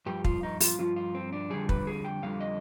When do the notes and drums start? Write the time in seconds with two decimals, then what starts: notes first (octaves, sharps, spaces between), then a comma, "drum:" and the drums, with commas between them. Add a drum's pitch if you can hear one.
0.06 G2 F3 G4
0.24 F4, drum: kick
0.43 D#4
0.60 F4, drum: open hi-hat
0.79 G2 F3 F4
0.96 F4
1.14 C4
1.33 D4
1.50 F2 D3 G3 G#4
1.69 B4, drum: kick
1.87 G#4
2.05 G5
2.22 F2 D3 G3 F5
2.40 D#5